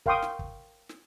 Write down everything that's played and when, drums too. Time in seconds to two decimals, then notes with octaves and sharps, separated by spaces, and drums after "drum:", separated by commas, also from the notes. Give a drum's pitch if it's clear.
0.06 A#4 F5 G5 C6 C#6 D#6, drum: kick
0.22 drum: snare
0.39 drum: kick
0.89 drum: snare